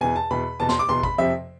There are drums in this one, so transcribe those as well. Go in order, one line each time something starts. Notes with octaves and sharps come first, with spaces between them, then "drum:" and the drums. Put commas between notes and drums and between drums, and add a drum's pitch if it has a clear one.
E2 B2 G#5
A5
E2 B2 B5
E2 B2 A5
C6, drum: snare
D6
E2 B2 C6
B5, drum: kick
F2 C3 F3 E5